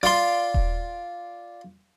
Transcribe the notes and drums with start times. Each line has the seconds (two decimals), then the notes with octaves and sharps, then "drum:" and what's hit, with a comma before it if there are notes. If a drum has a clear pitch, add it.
0.03 F4 D5 F5 C6
0.54 drum: kick D#1